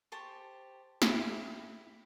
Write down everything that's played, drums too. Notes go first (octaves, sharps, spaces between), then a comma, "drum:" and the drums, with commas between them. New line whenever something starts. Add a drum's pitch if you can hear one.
G4 C5 A5 C#6
E4 G4, drum: snare